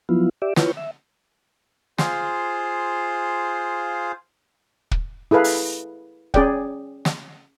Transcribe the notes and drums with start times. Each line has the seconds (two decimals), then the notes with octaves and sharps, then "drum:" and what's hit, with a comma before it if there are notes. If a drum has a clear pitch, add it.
0.09 F3 F#3 B3 E4 F4
0.42 G4 D5 E5
0.56 E4 F4 B4 C#5 G5, drum: snare
0.77 E5
1.98 F4 G#4 C5 F5, drum: snare
4.91 drum: kick
5.31 E4 G#4 A4 B4 F5
5.44 drum: open hi-hat
6.34 C#4 G#4 D5 G5, drum: kick
7.05 drum: snare